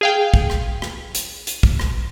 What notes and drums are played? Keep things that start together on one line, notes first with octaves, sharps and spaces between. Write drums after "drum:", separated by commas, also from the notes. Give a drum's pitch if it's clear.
G#4 F5 G5
drum: kick
drum: rim click
drum: rim click
drum: hi-hat
drum: hi-hat
drum: kick
drum: rim click